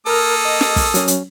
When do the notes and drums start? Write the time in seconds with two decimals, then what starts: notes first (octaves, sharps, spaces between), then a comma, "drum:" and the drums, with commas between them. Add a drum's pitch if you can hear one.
0.07 A#3 A4 A#4 D#6 F6
0.45 D#5
0.61 drum: snare
0.76 drum: kick, open hi-hat
0.94 F#3 C#4, drum: hi-hat
1.08 drum: hi-hat